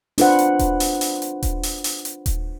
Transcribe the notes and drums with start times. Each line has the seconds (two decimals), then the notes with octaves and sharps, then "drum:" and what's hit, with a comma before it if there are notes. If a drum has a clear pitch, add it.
0.18 D4 F4 B4 C5 F#5, drum: open hi-hat
0.39 drum: hi-hat
0.59 drum: kick D#1, hi-hat
0.80 drum: open hi-hat
1.01 drum: open hi-hat
1.22 drum: hi-hat
1.43 drum: kick D#1, hi-hat
1.63 drum: open hi-hat
1.84 drum: open hi-hat
2.05 drum: hi-hat
2.26 drum: kick D#1, hi-hat